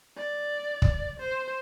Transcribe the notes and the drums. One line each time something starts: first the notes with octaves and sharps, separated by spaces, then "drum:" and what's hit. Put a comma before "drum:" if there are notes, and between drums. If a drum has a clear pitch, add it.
D5
drum: kick
C5